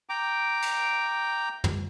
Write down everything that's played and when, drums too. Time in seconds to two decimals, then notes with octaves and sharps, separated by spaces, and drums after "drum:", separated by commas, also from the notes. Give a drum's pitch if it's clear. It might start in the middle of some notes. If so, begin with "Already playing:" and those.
0.09 G5 A#5 D6
0.62 drum: cymbal
1.64 drum: tom